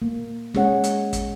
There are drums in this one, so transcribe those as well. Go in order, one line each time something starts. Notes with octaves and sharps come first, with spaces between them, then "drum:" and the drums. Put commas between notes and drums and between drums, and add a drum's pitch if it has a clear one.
A#3
G#3 C#4 G#4 C#5 F#5, drum: snare
drum: hi-hat
drum: kick, hi-hat